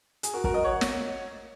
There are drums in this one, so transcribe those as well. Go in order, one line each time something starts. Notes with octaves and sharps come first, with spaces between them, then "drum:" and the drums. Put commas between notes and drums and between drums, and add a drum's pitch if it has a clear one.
G#4, drum: hi-hat
F#4 A#4
F#4 A#4, drum: kick
A#4 D#5
C#5 F#5
drum: snare